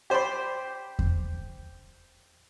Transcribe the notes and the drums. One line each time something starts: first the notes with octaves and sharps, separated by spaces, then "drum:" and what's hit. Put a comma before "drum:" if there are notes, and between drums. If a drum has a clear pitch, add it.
G4 C5 D5 B5 C6
drum: kick E2